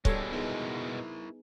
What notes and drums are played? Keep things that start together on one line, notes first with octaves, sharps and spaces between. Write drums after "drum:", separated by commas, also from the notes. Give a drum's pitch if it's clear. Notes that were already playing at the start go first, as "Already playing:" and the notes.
B2 G3 G#3 A4 C#5, drum: kick C#1
B3 D#4 E4 G#4 A#4